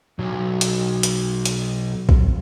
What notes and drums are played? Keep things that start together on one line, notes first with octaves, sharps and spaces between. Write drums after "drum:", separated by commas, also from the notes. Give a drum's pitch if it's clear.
B1 F#3
drum: hi-hat
drum: hi-hat
drum: hi-hat
drum: kick A#1